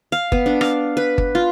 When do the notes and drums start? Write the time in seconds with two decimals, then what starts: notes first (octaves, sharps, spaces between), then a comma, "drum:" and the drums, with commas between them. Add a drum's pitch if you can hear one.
0.12 F5
0.32 B3, drum: kick G1
0.46 D4
0.61 F5, drum: rim click
0.97 B4
1.18 drum: kick G1
1.35 F4